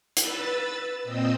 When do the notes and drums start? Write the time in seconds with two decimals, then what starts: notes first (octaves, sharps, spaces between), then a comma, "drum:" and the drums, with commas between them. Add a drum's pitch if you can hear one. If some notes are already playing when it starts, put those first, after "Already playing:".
0.17 B4 E6 A6, drum: hi-hat
1.04 A#2 C4 D#5 D#6 E6